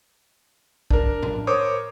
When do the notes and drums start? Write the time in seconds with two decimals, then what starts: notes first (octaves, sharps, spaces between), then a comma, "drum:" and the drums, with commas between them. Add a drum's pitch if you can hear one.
0.91 D4 A#4, drum: kick
1.23 drum: tom A2
1.47 A#4 C5 C#5 D6 D#6